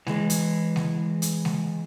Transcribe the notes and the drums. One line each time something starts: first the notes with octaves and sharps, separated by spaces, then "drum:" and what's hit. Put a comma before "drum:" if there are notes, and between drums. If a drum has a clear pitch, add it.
E3 G#3, drum: snare G#3
drum: hi-hat
drum: snare G#3
drum: hi-hat
drum: snare G#3